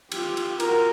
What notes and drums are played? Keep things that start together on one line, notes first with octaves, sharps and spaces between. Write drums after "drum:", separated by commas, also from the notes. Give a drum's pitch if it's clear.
F4 G4, drum: cymbal
drum: cymbal
F4 F#4 A#4, drum: cymbal